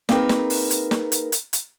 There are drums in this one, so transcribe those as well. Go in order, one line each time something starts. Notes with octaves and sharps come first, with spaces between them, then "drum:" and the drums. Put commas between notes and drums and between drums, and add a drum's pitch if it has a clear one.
A#3 C4 D#4 G#4 A#4 B4, drum: snare
drum: snare
drum: open hi-hat
drum: hi-hat
drum: snare
drum: hi-hat
drum: hi-hat
drum: hi-hat